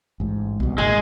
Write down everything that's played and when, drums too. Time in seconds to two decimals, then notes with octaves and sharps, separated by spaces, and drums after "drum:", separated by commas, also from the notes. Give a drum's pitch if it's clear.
0.20 A1 G#2
0.60 C2 B2, drum: kick B1
0.78 G#1 A#2 D#3 G#3, drum: tom G2